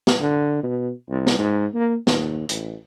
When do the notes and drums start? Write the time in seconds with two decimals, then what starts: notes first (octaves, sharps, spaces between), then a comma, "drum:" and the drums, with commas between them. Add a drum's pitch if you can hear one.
0.07 drum: snare
0.20 D3
0.63 B2
1.10 C2
1.27 drum: snare
1.39 G#2
1.74 A#3
2.07 D#2, drum: snare
2.49 A1, drum: hi-hat